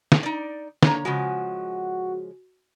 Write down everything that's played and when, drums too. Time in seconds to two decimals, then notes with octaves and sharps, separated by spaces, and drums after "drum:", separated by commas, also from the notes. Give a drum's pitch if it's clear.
0.12 drum: snare
0.23 D#4 D5
0.83 D3 A#3 C#5 A#5, drum: snare
1.05 C#3 F3 G#3 F#4